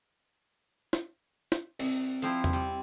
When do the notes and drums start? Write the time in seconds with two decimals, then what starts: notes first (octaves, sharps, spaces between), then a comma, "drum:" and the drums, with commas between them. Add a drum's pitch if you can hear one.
0.93 drum: snare
1.52 drum: snare
1.80 C2, drum: cymbal
2.22 F3 C4 E4
2.44 drum: tom E2
2.53 G3